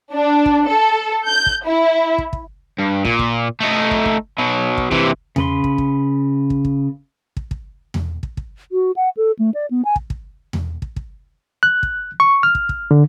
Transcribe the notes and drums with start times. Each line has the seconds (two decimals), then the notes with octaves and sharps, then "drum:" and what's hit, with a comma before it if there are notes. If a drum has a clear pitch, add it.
0.13 D4
0.46 drum: kick
0.68 A4
1.28 G6
1.46 drum: kick
1.67 E4
2.18 drum: kick
2.33 drum: kick
2.79 G2
3.05 A#2, drum: kick
3.19 drum: kick
3.61 A3 D#4
3.91 drum: kick
4.05 drum: kick
4.39 B2 F#3
4.77 drum: kick
4.91 C3 E3, drum: kick
5.36 C#3 B4 C6, drum: tom E2
5.64 drum: kick
5.78 drum: kick
6.50 drum: kick
6.65 drum: kick
7.37 drum: kick
7.51 drum: kick
7.94 drum: tom E2
8.23 drum: kick
8.37 drum: kick
8.72 F#4
8.96 F#5
9.17 A4
9.39 A3
9.54 D5
9.70 B3
9.85 G#5
9.96 drum: kick
10.10 drum: kick
10.53 drum: tom E2
10.82 drum: kick
10.96 drum: kick
11.63 F#6
11.83 drum: kick
12.20 C#6
12.43 F6
12.55 drum: kick
12.69 drum: kick
12.91 D3